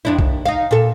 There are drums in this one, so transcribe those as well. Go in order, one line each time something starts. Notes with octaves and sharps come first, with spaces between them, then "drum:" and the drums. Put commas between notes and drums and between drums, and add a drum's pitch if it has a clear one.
F2 D4 E4
D#2, drum: kick B1
D#4 F5
A#2 A4